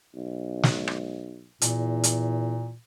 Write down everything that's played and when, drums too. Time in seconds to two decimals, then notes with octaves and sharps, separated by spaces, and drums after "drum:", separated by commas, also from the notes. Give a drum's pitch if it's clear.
0.15 B1
0.63 drum: snare
0.88 drum: rim click
1.62 E2 A#2, drum: hi-hat
2.04 drum: hi-hat